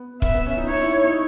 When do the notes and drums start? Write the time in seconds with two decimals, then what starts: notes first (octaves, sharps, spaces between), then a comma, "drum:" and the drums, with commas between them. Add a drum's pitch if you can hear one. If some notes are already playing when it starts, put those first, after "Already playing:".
Already playing: B3
0.22 B3 E5, drum: kick
0.34 B3
0.46 C#4
0.58 D#4
0.69 D#4 C#5
0.81 E4
0.93 E4
1.04 D#4